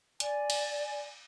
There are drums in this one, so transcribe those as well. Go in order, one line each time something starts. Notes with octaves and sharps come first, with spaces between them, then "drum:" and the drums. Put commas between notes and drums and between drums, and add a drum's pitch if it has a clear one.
D5 G#5, drum: hi-hat
drum: cymbal